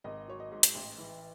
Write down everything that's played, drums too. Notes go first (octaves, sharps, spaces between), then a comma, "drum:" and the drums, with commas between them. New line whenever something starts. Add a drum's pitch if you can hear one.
G#1 D#5
F#3 C#5
D#5
G#2
drum: hi-hat
A1
E3